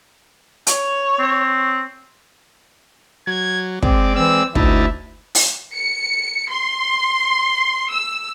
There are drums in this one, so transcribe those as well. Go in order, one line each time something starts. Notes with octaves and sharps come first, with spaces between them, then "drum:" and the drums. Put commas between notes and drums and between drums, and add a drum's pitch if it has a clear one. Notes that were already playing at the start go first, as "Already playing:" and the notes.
C#5, drum: hi-hat
C4
F#3 G#6
G#3 C4 D5 D6, drum: kick
E3 C4 E6
D2 D3 D#4 E4 E5 A5, drum: kick
drum: open hi-hat
C#7
C6
E6